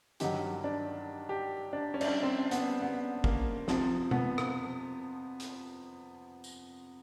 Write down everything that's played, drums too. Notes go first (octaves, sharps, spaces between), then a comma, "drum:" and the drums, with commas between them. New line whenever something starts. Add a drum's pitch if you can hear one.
G2 D#3 F#3 G4, drum: hi-hat
D4
G4
D4
C#4
D4, drum: cymbal
C#4
C4
B3, drum: hi-hat
B3
A#3, drum: kick
F2 C3 F3 C4, drum: snare
B3, drum: tom B2
drum: rim click
drum: hi-hat
drum: tambourine